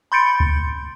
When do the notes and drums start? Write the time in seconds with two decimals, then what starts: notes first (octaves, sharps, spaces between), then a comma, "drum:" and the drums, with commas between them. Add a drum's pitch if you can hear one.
0.12 B5 C6 G6 A6 C#7 D7
0.40 drum: kick D2